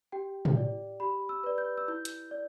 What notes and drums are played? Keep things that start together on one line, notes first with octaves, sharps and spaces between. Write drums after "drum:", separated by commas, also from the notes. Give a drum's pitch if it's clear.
G4 G5
drum: tom
D5
G4 B5
E6
B4 D5
G6
E6
E4 G6
drum: hi-hat
D5